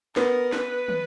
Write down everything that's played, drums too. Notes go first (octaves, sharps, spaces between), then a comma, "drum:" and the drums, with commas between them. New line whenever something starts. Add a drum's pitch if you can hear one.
B3 A#4, drum: snare
B4, drum: snare
drum: tom